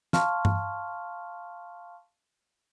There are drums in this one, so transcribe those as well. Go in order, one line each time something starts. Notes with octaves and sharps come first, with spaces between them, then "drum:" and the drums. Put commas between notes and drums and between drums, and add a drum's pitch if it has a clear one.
F5 A5 C6 C#6 F6, drum: snare
drum: tom G2